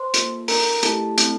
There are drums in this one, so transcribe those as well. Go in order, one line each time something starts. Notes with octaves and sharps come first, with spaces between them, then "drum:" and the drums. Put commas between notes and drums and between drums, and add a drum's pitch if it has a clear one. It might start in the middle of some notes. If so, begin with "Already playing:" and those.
Already playing: C5 C6
A#3 F4 A4, drum: hi-hat
D4 A4 A#4 A#5, drum: open hi-hat
A3 E4 G4 A4 A5, drum: hi-hat
A3 C4 E4, drum: hi-hat